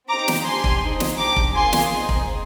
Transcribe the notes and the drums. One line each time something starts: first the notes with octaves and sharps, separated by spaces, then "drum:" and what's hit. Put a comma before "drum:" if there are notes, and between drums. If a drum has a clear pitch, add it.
C4 D#4 G4 A#5 D6
drum: snare
D4 G4 G#5 C6
drum: kick F1
C4 D#4 G#4
drum: snare
D4 G4 A#5 D6
drum: kick F1
A#3 F4 G#4 G#5 C6
drum: snare
C4 D#4 G#4
drum: kick F1